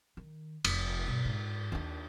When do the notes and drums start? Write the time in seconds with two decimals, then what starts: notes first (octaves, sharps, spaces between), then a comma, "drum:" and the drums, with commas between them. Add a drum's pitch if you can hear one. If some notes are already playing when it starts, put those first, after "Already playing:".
0.17 D#3
0.65 F1, drum: cymbal
1.07 G2 B2
1.25 G#2
1.72 D#2 D4